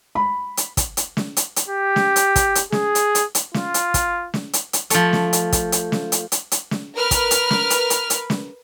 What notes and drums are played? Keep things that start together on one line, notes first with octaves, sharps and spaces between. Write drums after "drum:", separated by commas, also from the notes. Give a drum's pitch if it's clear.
B5
drum: hi-hat
drum: kick, hi-hat
drum: hi-hat
drum: snare
drum: hi-hat
drum: hi-hat
G4
drum: snare
drum: hi-hat
drum: kick, hi-hat
drum: hi-hat
G#4, drum: snare
drum: hi-hat
drum: hi-hat
drum: hi-hat
F4, drum: snare
drum: hi-hat
drum: kick, hi-hat
drum: snare
drum: hi-hat
drum: hi-hat
F3 A3, drum: hi-hat
drum: snare
drum: hi-hat
drum: kick, hi-hat
drum: hi-hat
drum: snare
drum: hi-hat
drum: hi-hat
drum: hi-hat
drum: snare
A#4 B4 F6
drum: kick, hi-hat
drum: hi-hat
drum: snare
drum: hi-hat
drum: hi-hat
drum: hi-hat
drum: snare